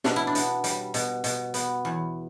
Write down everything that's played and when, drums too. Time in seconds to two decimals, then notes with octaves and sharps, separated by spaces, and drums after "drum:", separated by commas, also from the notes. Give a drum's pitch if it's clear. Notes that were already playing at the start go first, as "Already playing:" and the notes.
0.04 B2 D4, drum: snare
0.16 E4
0.27 D4
0.35 B3, drum: hi-hat
0.64 G3, drum: hi-hat
0.94 B2, drum: hi-hat
1.24 B2, drum: hi-hat
1.54 B3, drum: hi-hat
1.85 E2